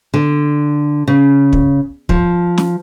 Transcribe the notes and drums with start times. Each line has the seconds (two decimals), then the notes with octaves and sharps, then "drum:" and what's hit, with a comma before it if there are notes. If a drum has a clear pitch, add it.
0.14 D3
1.07 C#3
1.53 drum: kick
2.09 F3, drum: kick
2.58 drum: snare